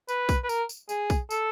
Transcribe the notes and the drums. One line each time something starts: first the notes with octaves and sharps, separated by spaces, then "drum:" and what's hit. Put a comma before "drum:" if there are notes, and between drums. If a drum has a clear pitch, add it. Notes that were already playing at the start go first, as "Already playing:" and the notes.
B4, drum: tambourine
drum: kick B1, tambourine
B4
A#4, drum: tambourine
drum: tambourine
G#4, drum: tambourine
drum: kick B1, tambourine
A4, drum: tambourine